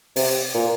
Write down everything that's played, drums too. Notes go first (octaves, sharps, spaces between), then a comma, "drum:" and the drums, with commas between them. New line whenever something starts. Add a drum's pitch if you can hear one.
C3, drum: open hi-hat
A#2